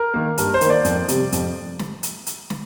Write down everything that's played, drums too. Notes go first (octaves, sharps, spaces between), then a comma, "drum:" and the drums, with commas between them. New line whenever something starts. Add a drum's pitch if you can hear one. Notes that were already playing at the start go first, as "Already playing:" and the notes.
Already playing: A#4
D#3 A#3
G2 A#4, drum: hi-hat
C5
D#3, drum: hi-hat
A#3 D5
F2, drum: hi-hat
C3 G3, drum: hi-hat
F2, drum: hi-hat
drum: snare
drum: hi-hat
drum: hi-hat
drum: snare